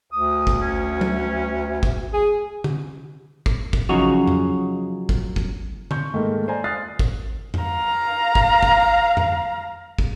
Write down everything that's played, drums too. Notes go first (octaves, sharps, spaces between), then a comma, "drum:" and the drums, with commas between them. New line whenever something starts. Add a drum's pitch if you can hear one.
D2 D#6
drum: kick
C#4
drum: tom F#3
drum: kick
G#4
drum: tom
drum: kick
drum: kick
C#3 F3 F#3 D#4 F#4
drum: tom F2
drum: kick
drum: kick
C6 C#6 G6, drum: tom
G#2 D#3 A3 A#3
C5 D5 G#5 A#5
D#6 F6 F#6 A6 C7
drum: kick
drum: tom F2
F5 A#5
drum: kick
drum: kick
drum: tom F2
drum: kick